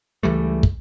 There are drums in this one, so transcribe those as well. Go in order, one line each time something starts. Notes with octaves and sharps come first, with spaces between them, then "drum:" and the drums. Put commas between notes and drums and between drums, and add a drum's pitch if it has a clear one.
C#2 E3 G3 A3
drum: kick